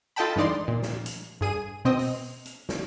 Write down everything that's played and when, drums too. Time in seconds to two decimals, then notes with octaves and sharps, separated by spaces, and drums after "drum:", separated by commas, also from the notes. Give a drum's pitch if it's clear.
0.16 F4 A4 D#5 G5 A5 B5
0.36 G2 E3 G#3 D#4 D5 C6
0.68 A#2
0.82 drum: snare
1.06 drum: hi-hat
1.41 G2 G#4 D#7
1.85 B2 C4 D#5
1.99 drum: open hi-hat
2.45 drum: hi-hat
2.69 drum: snare